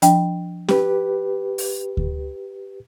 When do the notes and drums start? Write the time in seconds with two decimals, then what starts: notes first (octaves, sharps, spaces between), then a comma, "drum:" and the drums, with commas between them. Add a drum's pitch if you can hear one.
0.02 F3 D4 G5, drum: hi-hat
0.69 G4 B4, drum: snare C#4
1.58 drum: open hi-hat
1.97 drum: kick D2